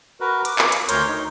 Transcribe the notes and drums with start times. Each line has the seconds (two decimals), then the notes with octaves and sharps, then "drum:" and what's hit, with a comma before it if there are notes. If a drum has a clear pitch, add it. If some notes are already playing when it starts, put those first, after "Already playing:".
0.20 F#4 A#4 B4
0.45 D6, drum: hi-hat
0.59 drum: clap
0.72 drum: hi-hat
0.89 D2 A#4 C#5 C6 G6, drum: hi-hat
1.07 D#4